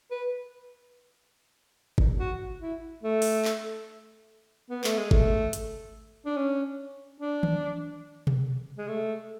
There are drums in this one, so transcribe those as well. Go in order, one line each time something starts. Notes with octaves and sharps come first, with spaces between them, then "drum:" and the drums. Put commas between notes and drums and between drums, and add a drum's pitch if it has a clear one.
B4
drum: kick G#1
F#4
E4
A3
drum: open hi-hat
drum: clap
B3
A3, drum: clap
G#3
A3, drum: kick G#1
drum: hi-hat
D4
C#4
D4
drum: tom D#3
drum: tom B2
G#3
A3